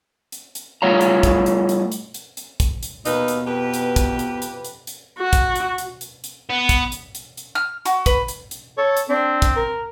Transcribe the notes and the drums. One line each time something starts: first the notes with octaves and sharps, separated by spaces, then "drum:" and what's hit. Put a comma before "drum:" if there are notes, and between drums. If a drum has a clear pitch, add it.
drum: hi-hat
drum: hi-hat
G3 A3 F4 C#5 F5 A#5
drum: hi-hat
drum: kick, hi-hat
drum: hi-hat
drum: hi-hat
drum: hi-hat
drum: hi-hat
drum: hi-hat
drum: kick, hi-hat
drum: hi-hat
D#2 B2 D#4 B4, drum: hi-hat
drum: hi-hat
F2 G4 B4
drum: hi-hat
drum: kick, hi-hat
drum: hi-hat
drum: hi-hat
drum: hi-hat
drum: hi-hat
F#4
drum: kick, hi-hat
drum: hi-hat
drum: hi-hat
drum: hi-hat
drum: hi-hat
B3
drum: kick, hi-hat
drum: hi-hat
drum: hi-hat
drum: hi-hat
F6
F#4, drum: hi-hat
B4, drum: kick, hi-hat
drum: hi-hat
drum: hi-hat
A4 C#5
drum: hi-hat
C4 D4
drum: kick, hi-hat
A#4